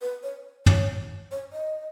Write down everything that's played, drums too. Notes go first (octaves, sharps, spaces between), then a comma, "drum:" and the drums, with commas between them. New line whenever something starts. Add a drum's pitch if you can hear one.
B4
C#5
C#5, drum: tom
C#5
D#5